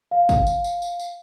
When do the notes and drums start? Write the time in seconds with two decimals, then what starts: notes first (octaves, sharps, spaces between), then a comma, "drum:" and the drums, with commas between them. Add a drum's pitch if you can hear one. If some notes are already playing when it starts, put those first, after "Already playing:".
0.11 F5
0.29 drum: kick, tambourine
0.47 drum: tambourine
0.64 drum: tambourine
0.82 drum: tambourine
0.99 drum: tambourine